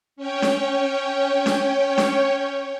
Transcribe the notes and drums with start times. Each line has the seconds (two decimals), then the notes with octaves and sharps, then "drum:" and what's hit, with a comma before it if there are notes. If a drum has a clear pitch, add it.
0.16 C#4 C#5 G5
0.42 drum: snare D4
1.46 drum: snare D4
1.98 drum: snare D4